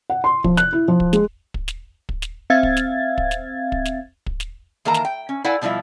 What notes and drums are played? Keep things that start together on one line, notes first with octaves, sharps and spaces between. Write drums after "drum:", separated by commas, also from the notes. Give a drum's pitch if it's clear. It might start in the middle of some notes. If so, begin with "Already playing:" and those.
F#5
C6
F3, drum: kick
F#6, drum: snare
E4
F3
drum: kick
G#3, drum: snare
drum: kick
drum: snare
drum: kick
drum: snare
C4 E5 F5 G#6 A6
drum: kick
drum: snare
drum: kick
drum: snare
drum: kick
drum: snare
drum: kick
drum: snare
D#3 E3 A#3 A#4 A5 A#5
drum: snare
G5
C#4
E4 A4 D5 F5 F#5 G#5
B2 F3 G3 E4 F4